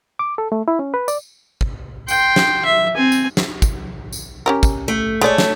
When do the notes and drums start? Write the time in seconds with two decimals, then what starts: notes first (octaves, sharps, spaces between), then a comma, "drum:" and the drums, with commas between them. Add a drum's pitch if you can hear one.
0.19 D6
0.38 A4
0.52 A3
0.68 E4
0.79 C#4
0.94 B4
1.08 D5, drum: tambourine
1.61 drum: kick
2.08 G5 C6, drum: tambourine
2.36 drum: snare
2.65 E5
2.96 C4 G#5
3.12 drum: tambourine
3.37 drum: snare
3.62 drum: kick, tambourine
4.13 drum: tambourine
4.46 C#4 G4 A#4
4.63 drum: kick, tambourine
4.88 A3
5.21 G#3 A3 C#5 D5
5.38 drum: snare